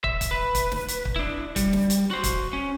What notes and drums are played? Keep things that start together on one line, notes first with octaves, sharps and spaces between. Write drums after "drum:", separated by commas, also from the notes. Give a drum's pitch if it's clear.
E5, drum: kick
drum: kick, hi-hat
B4
drum: kick, hi-hat
drum: snare
drum: hi-hat
drum: kick
D4 E4
G3, drum: kick, hi-hat
drum: snare
drum: hi-hat
F#4 C5
drum: kick, hi-hat
C#4